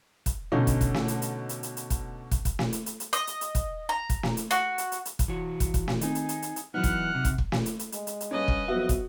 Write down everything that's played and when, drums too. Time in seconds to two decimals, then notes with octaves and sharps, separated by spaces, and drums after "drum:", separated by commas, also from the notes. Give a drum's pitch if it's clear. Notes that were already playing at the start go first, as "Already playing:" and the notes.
0.26 drum: kick, hi-hat
0.52 B2 D3 A3 C#4 D#4
0.67 drum: kick, hi-hat
0.81 drum: kick, hi-hat
0.94 drum: snare
1.08 drum: hi-hat
1.22 drum: hi-hat
1.49 drum: hi-hat
1.63 drum: hi-hat
1.77 drum: hi-hat
1.90 drum: kick, hi-hat
2.31 drum: kick, hi-hat
2.45 drum: kick, hi-hat
2.59 drum: snare
2.73 drum: hi-hat
2.86 drum: hi-hat
3.00 drum: hi-hat
3.13 D#5, drum: hi-hat
3.27 drum: hi-hat
3.41 drum: hi-hat
3.55 drum: kick, hi-hat
3.89 A#5
4.10 drum: kick, hi-hat
4.23 drum: snare
4.37 drum: hi-hat
4.51 F#4, drum: hi-hat
4.78 drum: hi-hat
4.92 drum: hi-hat
5.05 drum: hi-hat
5.19 drum: kick, hi-hat
5.28 E3 F#4
5.60 drum: kick, hi-hat
5.74 drum: kick, hi-hat
5.88 drum: snare
6.01 D#3 C4 D#4 G#4, drum: hi-hat
6.15 drum: hi-hat
6.29 drum: hi-hat
6.42 drum: hi-hat
6.56 drum: hi-hat
6.74 E3 F#3 B3 D#4 F#5 F6 F#6
6.84 drum: kick, hi-hat
7.15 C3
7.25 drum: kick, hi-hat
7.38 drum: kick
7.52 drum: snare
7.66 drum: hi-hat
7.79 drum: hi-hat
7.92 G#3, drum: hi-hat
8.07 drum: hi-hat
8.21 drum: hi-hat
8.31 G2 C#4 B4 D#5
8.48 drum: kick
8.68 F2 F#3 B3 F#4 E5
8.89 drum: kick, hi-hat